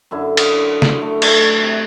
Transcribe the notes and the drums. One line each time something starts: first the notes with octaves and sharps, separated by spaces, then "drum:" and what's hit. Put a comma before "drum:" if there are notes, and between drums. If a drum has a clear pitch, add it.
F#2 D3 E4
drum: cymbal
drum: snare
A3
A3, drum: cymbal
C3